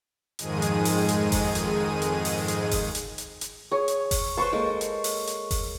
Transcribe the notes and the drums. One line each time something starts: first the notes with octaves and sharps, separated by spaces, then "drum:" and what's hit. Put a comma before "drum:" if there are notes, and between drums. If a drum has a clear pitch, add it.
F2 G#2 D#3 G#3 G#4 D#7, drum: hi-hat
drum: hi-hat
drum: open hi-hat
drum: hi-hat
drum: kick F#1, open hi-hat
drum: hi-hat
drum: hi-hat
drum: open hi-hat
drum: hi-hat
drum: kick F#1, open hi-hat
drum: hi-hat
drum: hi-hat
drum: hi-hat
G#4 C#5
drum: hi-hat
drum: kick F#1, open hi-hat
B4 C5 A5 C6 C#6
G#3 A#3 A4
drum: hi-hat
drum: open hi-hat
drum: hi-hat
drum: kick F#1, open hi-hat